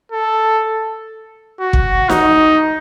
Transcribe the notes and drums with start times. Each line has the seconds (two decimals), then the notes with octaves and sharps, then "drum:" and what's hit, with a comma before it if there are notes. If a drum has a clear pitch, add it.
0.12 A4
1.60 F#4
1.73 drum: kick
2.10 D#4, drum: snare